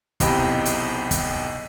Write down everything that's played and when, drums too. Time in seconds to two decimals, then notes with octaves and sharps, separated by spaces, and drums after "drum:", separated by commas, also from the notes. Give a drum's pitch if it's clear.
0.20 B1 E2 C3 D#5 G5 B5, drum: kick, hi-hat
0.65 drum: hi-hat
1.11 drum: kick, hi-hat